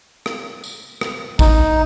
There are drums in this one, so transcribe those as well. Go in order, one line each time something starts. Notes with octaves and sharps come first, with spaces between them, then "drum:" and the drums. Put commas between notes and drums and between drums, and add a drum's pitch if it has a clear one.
drum: rim click
drum: tambourine
drum: rim click
D#4, drum: kick, tambourine